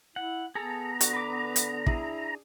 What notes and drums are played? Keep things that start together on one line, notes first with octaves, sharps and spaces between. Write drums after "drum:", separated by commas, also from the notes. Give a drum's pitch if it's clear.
E4 F#5
B3 G#4 A4 A#5
D3 F#4, drum: hi-hat
B4 D6
drum: hi-hat
D4 E4 G#4, drum: kick